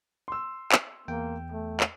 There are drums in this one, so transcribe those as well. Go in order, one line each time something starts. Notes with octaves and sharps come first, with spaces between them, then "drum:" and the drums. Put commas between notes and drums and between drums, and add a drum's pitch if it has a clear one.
C6 E6
drum: clap
E2 A#3 G5
A3
drum: clap